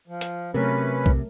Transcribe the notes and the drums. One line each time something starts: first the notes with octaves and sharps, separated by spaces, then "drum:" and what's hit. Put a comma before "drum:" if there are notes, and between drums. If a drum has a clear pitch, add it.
F3
drum: hi-hat
C3 F#3 A3 C#4 A#4 B4
drum: kick B1